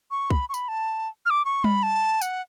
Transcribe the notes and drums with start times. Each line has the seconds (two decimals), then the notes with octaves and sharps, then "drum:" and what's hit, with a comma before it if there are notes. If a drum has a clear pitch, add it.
0.11 C#6
0.30 B5, drum: kick
0.49 C#6
0.54 B5, drum: tambourine
0.68 A5
1.26 F6
1.30 D6
1.45 C#6
1.64 B5, drum: tom G3
1.83 A5
2.22 F#5, drum: tambourine